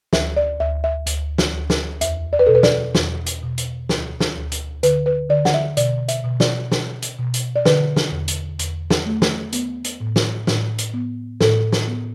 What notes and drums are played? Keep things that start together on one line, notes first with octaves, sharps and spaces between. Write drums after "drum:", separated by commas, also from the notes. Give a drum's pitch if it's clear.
D2 E5, drum: snare
D5
D2 E5
E5
D2, drum: hi-hat
drum: snare
D2
drum: snare
E2 E5, drum: hi-hat
D5
B4
B2 A4
B4
D5, drum: snare
E2, drum: snare
drum: hi-hat
B2
drum: hi-hat
D2, drum: snare
drum: snare
D2
drum: hi-hat
D3 B4, drum: hi-hat
B4
D3 D5
F#5, drum: snare
E5
B2 D5, drum: hi-hat
E5, drum: hi-hat
B2
D5, drum: snare
B2, drum: snare
drum: hi-hat
B2
drum: hi-hat
D5
D3 B4, drum: snare
drum: snare
E2
drum: hi-hat
E2, drum: hi-hat
drum: snare
A3
drum: snare
B3, drum: hi-hat
drum: hi-hat
A2
drum: snare
A2, drum: snare
drum: hi-hat
B3
A2 A4, drum: snare
drum: snare
B3